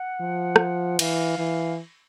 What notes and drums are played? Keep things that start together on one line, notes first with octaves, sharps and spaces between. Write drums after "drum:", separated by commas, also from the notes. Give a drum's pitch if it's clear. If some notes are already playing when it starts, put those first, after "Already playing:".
Already playing: F#5
F3
drum: rim click
E3 F5, drum: cymbal
E3